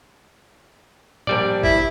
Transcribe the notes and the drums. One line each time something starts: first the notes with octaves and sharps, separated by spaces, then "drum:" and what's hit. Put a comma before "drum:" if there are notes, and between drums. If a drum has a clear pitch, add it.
A#1 G3 D5, drum: tom A2
E4, drum: kick